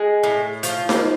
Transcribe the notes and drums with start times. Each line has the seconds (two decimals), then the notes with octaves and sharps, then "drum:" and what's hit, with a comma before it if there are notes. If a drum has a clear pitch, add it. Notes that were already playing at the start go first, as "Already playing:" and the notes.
Already playing: G#3
0.23 A2
0.63 F3, drum: hi-hat
0.89 drum: snare D#4